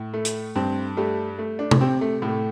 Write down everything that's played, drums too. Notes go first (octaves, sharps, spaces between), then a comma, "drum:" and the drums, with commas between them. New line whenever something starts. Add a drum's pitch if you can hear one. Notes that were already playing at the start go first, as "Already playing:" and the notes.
Already playing: A2
A3
drum: hi-hat
G2 C4
G3 A3
A3
D4
drum: tom C3
C3 C4
A3
A2
A3